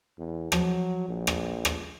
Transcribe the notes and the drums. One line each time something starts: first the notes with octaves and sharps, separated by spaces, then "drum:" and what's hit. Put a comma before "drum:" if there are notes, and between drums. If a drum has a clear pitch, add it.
E2
F3 F#3, drum: rim click
A#1
drum: rim click
drum: rim click